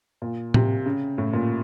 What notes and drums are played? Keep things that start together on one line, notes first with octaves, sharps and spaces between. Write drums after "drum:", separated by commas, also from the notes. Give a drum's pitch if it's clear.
A#2
C3, drum: tom A2
C#3
A2
A#2